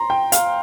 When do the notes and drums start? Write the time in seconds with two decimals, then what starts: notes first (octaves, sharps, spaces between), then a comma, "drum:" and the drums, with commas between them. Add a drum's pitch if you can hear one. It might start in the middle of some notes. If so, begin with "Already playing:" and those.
Already playing: A#5 C6
0.10 G5
0.32 F5, drum: hi-hat